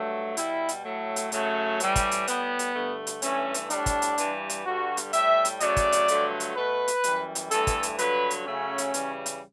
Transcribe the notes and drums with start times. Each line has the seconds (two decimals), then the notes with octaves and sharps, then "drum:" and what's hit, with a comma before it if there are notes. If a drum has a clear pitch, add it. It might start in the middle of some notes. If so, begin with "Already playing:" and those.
Already playing: G2 F#3 A3
0.37 B2 G3 E4, drum: hi-hat
0.69 drum: hi-hat
0.85 A2 F#3 A3
1.16 drum: hi-hat
1.32 F#2 C#3 F#3 A3, drum: hi-hat
1.80 A2 E3 G3, drum: hi-hat
1.96 drum: kick, hi-hat
2.11 drum: hi-hat
2.28 A2 G3 B3, drum: hi-hat
2.59 drum: hi-hat
2.74 G2 D3 A3
3.07 drum: hi-hat
3.22 G2 E3 A3 C#4, drum: hi-hat
3.54 drum: hi-hat
3.70 A2 G3 D4, drum: hi-hat
3.86 drum: kick, hi-hat
4.02 drum: hi-hat
4.18 G2 E3 G3, drum: hi-hat
4.50 drum: hi-hat
4.65 G2 D3 G3 F#4
4.97 drum: hi-hat
5.13 A2 G3 E5, drum: hi-hat
5.45 drum: hi-hat
5.60 F#2 C#3 F#3 A3 D5, drum: hi-hat
5.77 drum: kick, hi-hat
5.92 drum: hi-hat
6.08 G2 D3 F#3 A3, drum: hi-hat
6.40 drum: hi-hat
6.56 B2 A3 B4
6.88 drum: hi-hat
7.04 F#2 E3 G3, drum: hi-hat
7.35 drum: hi-hat
7.51 G2 E3 A3 A4, drum: hi-hat
7.67 drum: kick, hi-hat
7.83 drum: hi-hat
7.99 G2 D3 F#3 B4, drum: hi-hat
8.30 drum: hi-hat
8.46 C#3 F#3 A3 C#4
8.78 drum: hi-hat
8.94 C#3 E3 G3, drum: hi-hat
9.26 drum: hi-hat